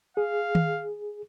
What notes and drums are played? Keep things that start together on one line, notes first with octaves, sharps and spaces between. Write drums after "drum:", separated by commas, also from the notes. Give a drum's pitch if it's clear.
G#4 F5
drum: tom D#3